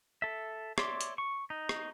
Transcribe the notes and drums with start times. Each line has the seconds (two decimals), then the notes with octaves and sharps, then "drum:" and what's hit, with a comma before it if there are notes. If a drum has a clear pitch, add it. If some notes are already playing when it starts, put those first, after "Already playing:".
0.22 A4 E5
0.78 C#5 D5 E5 C6 D6, drum: rim click
1.01 drum: hi-hat
1.18 C#6
1.50 D#4
1.69 drum: rim click